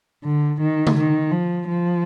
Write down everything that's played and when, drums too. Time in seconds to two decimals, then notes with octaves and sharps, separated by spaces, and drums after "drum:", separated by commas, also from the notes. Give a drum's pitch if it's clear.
0.24 D3
0.60 D#3
0.87 drum: tom C#3
0.96 D#3
1.32 F3
1.68 F3